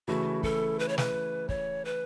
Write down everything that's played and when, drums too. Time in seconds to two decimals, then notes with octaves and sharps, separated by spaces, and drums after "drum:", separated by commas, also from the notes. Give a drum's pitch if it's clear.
0.08 C#3 E3 A3 E4 F#4
0.43 A4, drum: kick
0.79 B4
0.89 C#5
0.98 B4, drum: snare
1.49 C#5, drum: kick
1.85 B4